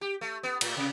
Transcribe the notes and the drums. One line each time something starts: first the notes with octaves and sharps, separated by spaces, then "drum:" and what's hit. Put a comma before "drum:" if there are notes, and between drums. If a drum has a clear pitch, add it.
G4
A3
B3
A2, drum: cymbal
C3